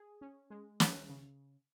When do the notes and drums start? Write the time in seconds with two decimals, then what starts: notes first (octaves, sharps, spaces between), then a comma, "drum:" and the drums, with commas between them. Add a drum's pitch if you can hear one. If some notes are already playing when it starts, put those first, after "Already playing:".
Already playing: G#4
0.21 C#4
0.50 G#3
0.80 D#3, drum: snare
1.09 C#3